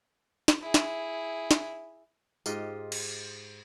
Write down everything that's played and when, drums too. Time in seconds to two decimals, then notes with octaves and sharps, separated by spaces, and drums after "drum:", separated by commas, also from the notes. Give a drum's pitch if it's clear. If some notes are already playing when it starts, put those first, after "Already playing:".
0.48 drum: snare
0.61 E4 G#4
0.74 drum: snare
1.51 drum: snare
2.46 G#2 F4 G4 D#5, drum: tambourine
2.92 drum: cymbal